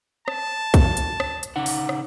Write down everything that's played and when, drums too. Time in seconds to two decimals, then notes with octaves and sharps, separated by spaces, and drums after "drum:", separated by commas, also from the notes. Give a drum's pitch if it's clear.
0.28 A5, drum: rim click
0.74 drum: kick, hi-hat
0.97 drum: hi-hat
1.20 drum: rim click
1.43 drum: hi-hat
1.56 C#3 D#4 F#5
1.66 drum: open hi-hat
1.89 drum: rim click